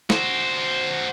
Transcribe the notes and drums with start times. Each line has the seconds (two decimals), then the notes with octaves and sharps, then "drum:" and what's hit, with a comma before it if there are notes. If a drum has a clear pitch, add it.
0.10 F#4 C5, drum: snare